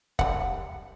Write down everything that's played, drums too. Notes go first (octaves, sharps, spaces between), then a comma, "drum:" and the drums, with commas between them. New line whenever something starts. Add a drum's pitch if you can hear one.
G3 F#5, drum: kick